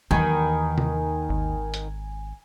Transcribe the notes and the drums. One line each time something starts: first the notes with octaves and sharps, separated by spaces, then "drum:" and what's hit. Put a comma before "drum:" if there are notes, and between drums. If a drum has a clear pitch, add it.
D#2 D#3 E3 G#5 A#5 B5, drum: tom F#3
drum: tom C3
G#1
drum: hi-hat